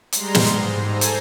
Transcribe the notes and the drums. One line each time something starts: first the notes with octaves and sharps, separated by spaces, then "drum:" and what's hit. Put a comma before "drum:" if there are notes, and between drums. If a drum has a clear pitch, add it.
G3 G#3 A#5 C6, drum: hi-hat
drum: snare
G#2
A4 C5 G#5 A#5
drum: hi-hat